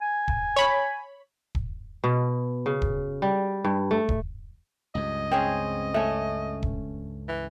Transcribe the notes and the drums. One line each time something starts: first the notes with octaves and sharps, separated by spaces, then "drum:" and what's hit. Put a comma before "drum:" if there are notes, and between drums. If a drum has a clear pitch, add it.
G#5
drum: kick
C#5 B5
drum: kick
B2
C#3
drum: kick
G3
G2
A3
drum: kick
C#2 G2 D#5
C4 C#4 G#4
A3 C#4
drum: kick
E3